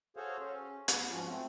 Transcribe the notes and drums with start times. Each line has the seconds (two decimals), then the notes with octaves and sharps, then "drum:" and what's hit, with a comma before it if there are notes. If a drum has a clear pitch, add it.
0.17 F#4 G#4 A4 C5 C#5 F5
0.39 C#4
0.88 B3, drum: hi-hat
1.10 G#2 F3 C#4 F4 F#4
1.28 A3 C4